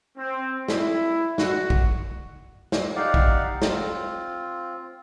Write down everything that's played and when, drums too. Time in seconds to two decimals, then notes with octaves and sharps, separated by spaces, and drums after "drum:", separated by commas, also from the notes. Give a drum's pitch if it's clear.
0.17 C4
0.68 E4, drum: snare
1.38 F#4, drum: snare
1.70 drum: kick
2.72 drum: snare
2.96 D#4 G4 D5 F5 F#5
3.14 drum: kick
3.62 C4 F4, drum: snare